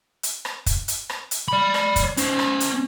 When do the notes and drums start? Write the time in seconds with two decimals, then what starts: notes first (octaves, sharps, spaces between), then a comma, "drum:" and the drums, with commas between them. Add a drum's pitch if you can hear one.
0.23 drum: hi-hat
0.45 drum: rim click
0.66 drum: kick, hi-hat
0.88 drum: hi-hat
1.09 drum: rim click
1.31 drum: hi-hat
1.48 D5 B5
1.74 drum: rim click
1.96 drum: kick, hi-hat
2.17 C#4 C5, drum: hi-hat
2.39 drum: rim click
2.60 drum: hi-hat